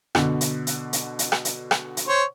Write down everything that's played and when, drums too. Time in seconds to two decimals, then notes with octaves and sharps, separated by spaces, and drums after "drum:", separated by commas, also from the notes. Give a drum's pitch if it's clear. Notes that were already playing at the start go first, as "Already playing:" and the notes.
0.15 B2 D3, drum: rim click
0.41 drum: hi-hat
0.67 drum: hi-hat
0.93 drum: hi-hat
1.19 drum: hi-hat
1.32 drum: rim click
1.45 drum: hi-hat
1.71 drum: rim click
1.97 drum: hi-hat
2.07 C5 C#5